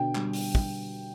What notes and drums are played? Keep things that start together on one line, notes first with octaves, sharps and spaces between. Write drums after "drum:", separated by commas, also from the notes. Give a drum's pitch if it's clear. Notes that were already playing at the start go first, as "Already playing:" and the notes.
Already playing: B2 D3 G5
G3, drum: clap
drum: open hi-hat
drum: kick